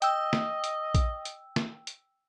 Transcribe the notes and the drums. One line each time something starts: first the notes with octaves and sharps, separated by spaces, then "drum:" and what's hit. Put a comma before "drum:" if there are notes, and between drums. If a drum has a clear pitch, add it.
D#5 G5 E6, drum: hi-hat
drum: snare
drum: hi-hat
drum: kick A#1, hi-hat
drum: hi-hat
drum: snare
drum: hi-hat